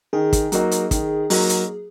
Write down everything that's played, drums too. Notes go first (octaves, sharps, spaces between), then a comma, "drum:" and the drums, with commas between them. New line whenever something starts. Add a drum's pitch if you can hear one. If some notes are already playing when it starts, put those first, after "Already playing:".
D#3 G#4
drum: kick, hi-hat
F#3 A#3 D#4 F#4, drum: hi-hat
drum: hi-hat
D#3, drum: kick, hi-hat
F#3 A#3 D#4 F#4, drum: open hi-hat
drum: hi-hat